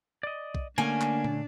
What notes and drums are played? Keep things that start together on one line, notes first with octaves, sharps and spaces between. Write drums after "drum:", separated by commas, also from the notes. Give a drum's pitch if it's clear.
D5 D#5
drum: kick B1
D3 A3 A#3 C#4 D4 G#5
drum: clap
drum: tom A#2